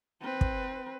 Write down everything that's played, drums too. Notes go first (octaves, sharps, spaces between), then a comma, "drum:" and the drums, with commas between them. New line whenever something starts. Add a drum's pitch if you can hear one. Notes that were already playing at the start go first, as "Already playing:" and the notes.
C4 B4
drum: kick